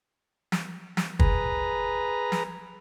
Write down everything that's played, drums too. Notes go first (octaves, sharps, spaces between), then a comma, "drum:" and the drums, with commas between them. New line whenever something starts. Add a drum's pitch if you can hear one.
drum: snare
drum: snare
G#4 B4 A#5, drum: kick
drum: snare